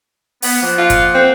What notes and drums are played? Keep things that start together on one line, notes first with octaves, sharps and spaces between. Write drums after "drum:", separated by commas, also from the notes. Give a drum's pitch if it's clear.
B3, drum: open hi-hat
F3 A#3 F#5
F4
drum: kick F#1, hi-hat
C4